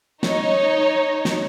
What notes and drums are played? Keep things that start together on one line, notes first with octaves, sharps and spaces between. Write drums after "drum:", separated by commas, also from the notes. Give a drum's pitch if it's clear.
D#4 C#5, drum: snare
drum: snare